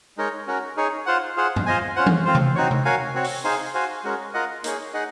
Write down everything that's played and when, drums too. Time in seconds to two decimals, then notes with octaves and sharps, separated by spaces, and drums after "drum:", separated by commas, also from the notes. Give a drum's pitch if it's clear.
0.17 G#3 D#4 A#4 C#5
0.47 C#4 F#4 A#4
0.77 D#4 G#4 C#5
1.06 F4 C5 F#5
1.36 F4 G#4 C5 F#5
1.56 drum: tom F#2
1.66 F4 C5 D#5 G#5
1.96 C#4 F4 C5 F#5
2.06 drum: tom E3
2.25 C4 F4 C5
2.35 drum: tom C3
2.55 C4 D#4 F#4 C#5
2.71 drum: tom C3
2.85 F#4 A#4 C#5 F5 G#5
3.15 C4 F#4 C#5
3.24 drum: open hi-hat
3.44 D#4 G#4 C5 F5 G#5
3.74 F#4 C5 F5 G#5
4.04 G#3 C#4 F#4 A#4
4.34 F4 A#4 D#5 F#5
4.64 A#3 D#4 G#4 C#5, drum: hi-hat
4.93 D#4 G#4 D#5 F#5